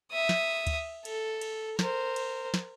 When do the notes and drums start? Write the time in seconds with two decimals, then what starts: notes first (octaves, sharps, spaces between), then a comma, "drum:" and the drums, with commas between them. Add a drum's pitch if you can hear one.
0.11 E5 D#6
0.29 drum: snare
0.67 drum: kick D2, cymbal
1.05 A4, drum: cymbal
1.41 drum: cymbal
1.79 A#4 C5, drum: snare
2.16 drum: cymbal
2.54 drum: snare